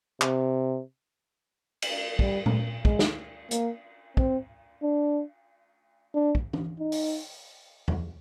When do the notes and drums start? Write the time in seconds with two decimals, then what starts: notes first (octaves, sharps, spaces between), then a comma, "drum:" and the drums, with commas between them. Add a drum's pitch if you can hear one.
0.22 C3, drum: clap
1.82 drum: cymbal
2.19 G3, drum: kick
2.46 drum: tom A#2
2.85 G#3, drum: kick
2.99 drum: snare
3.51 A#3, drum: hi-hat
4.17 C4, drum: kick
4.83 D4
6.14 D4
6.35 drum: kick
6.53 drum: tom
6.80 D#4
6.92 drum: open hi-hat
7.88 drum: tom E2